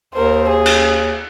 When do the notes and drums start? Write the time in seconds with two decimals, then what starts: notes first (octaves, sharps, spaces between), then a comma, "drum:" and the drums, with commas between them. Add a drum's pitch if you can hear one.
0.14 D#2 A#4 C5
0.50 G#4
0.66 drum: cymbal